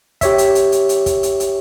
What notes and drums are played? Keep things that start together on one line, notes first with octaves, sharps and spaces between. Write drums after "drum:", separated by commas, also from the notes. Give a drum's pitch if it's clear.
G4 C#5 E5, drum: kick, hi-hat
drum: hi-hat
drum: hi-hat
drum: hi-hat
drum: hi-hat
drum: kick, hi-hat
drum: hi-hat
drum: hi-hat